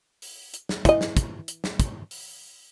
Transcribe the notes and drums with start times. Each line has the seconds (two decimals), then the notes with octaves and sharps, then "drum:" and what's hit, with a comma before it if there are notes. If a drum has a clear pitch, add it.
0.22 drum: open hi-hat
0.54 drum: hi-hat
0.69 drum: snare
0.85 E3 D#5, drum: kick, hi-hat
1.01 drum: snare
1.17 drum: kick, hi-hat
1.48 drum: hi-hat
1.64 drum: snare
1.80 drum: kick, hi-hat
2.11 drum: open hi-hat